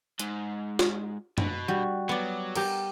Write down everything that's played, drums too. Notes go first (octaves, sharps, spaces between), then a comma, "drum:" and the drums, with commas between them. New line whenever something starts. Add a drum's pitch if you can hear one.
G#2, drum: hi-hat
drum: snare
B2, drum: tom
G3 F#4
F#3 B3 D5
G4 A#4, drum: cymbal